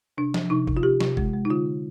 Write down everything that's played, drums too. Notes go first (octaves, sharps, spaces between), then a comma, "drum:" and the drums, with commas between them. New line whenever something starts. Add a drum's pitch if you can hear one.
C3 D4
F3, drum: snare
C3 D#4
C3, drum: kick
F4
C3 G4
C3, drum: snare
G#3, drum: kick
G#3
D#4
D3 F4
D3